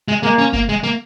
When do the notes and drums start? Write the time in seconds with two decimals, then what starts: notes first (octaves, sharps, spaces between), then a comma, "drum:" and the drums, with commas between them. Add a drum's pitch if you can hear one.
0.08 G#3
0.23 G#3 A#3
0.38 C#4
0.53 A#3, drum: kick
0.69 G#3
0.83 A#3